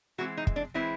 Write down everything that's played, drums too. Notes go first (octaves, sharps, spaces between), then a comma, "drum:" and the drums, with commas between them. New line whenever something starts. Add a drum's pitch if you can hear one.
E3 G#3 C4 F#4
D#4
drum: kick
D4
E3 G#3 C4 E4